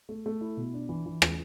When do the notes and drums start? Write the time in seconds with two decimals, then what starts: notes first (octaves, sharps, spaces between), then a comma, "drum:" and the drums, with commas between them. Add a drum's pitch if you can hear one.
0.09 A3
0.26 A3
0.41 E4
0.57 B2
0.74 D4
0.89 E3
1.06 E3
1.22 E3, drum: rim click